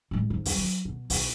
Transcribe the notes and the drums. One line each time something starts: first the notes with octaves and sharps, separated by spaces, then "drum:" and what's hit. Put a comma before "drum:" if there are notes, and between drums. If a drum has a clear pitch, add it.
A2 G#3
G#2
C3 G3, drum: open hi-hat
F#3
B2
B1, drum: open hi-hat